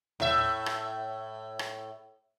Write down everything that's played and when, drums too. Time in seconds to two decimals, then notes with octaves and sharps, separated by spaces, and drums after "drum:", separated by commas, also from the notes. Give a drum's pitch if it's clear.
0.20 A2 E5, drum: tom
0.66 drum: rim click
1.59 drum: rim click